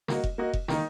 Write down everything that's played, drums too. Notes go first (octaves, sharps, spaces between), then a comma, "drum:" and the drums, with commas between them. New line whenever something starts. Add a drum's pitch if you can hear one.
A#3 F#4 D#5, drum: snare
drum: kick F1
A#3 F#4 D#5
drum: kick F1
D#3 A#3 D#4, drum: snare